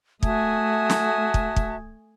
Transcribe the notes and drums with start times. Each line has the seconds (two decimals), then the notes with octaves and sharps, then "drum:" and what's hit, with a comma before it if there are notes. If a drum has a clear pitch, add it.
0.23 A3 F#4 E5 G#5 A5 D#6, drum: kick
0.90 drum: snare
1.34 drum: kick
1.56 drum: kick